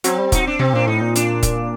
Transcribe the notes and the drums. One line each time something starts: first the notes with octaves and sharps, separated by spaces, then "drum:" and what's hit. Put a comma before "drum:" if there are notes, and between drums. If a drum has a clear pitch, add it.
F#3 C4, drum: hi-hat
G3
F#3 D#4, drum: kick, hi-hat
D4
C3 C4
A#2 D4
A2 D#4
A#2
D4, drum: hi-hat
drum: kick, hi-hat